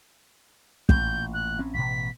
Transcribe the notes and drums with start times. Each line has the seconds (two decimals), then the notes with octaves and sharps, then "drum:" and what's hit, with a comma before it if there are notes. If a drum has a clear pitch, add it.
0.89 A1 A#2 G6, drum: kick
1.34 F#6
1.58 A1 C4 C#4
1.74 A1 B2 B6